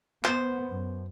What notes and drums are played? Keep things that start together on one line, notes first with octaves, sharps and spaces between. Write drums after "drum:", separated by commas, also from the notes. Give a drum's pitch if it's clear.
B3 C5, drum: clap
F#2